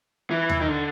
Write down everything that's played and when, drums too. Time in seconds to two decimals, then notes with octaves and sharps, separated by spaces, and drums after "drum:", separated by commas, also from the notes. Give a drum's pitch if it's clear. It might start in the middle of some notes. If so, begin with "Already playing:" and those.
0.30 E3
0.50 drum: tom D#2
0.61 D#3
0.68 D3